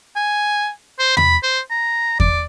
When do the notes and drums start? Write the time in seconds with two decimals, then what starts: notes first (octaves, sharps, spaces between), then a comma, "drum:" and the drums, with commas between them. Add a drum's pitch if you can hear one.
0.16 G#5
0.99 C5
1.17 B5, drum: tom E2
1.43 C5
1.71 A#5
2.20 D5, drum: kick E2